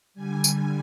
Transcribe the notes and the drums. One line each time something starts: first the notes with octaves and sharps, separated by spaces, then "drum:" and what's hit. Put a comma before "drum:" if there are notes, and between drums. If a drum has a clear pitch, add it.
D3 G3 G#5
drum: tambourine